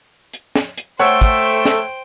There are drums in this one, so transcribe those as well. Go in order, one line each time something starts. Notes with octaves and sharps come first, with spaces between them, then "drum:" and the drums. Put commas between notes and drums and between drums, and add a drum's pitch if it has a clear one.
drum: hi-hat
drum: snare
drum: hi-hat
A3 C5 C#5 F#5 G5
drum: kick, hi-hat
drum: snare